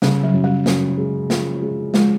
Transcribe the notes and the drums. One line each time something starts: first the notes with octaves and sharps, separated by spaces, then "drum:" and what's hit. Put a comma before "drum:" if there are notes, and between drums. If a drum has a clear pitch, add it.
C#3 G3, drum: snare
F#3
F#2
G3
F#2, drum: snare
G#3
F3, drum: snare
G#3
F3 G#3, drum: snare